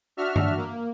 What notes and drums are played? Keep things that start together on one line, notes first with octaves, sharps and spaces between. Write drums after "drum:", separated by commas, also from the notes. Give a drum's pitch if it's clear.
D4 F#4 E5 F6
drum: tom G2
A#3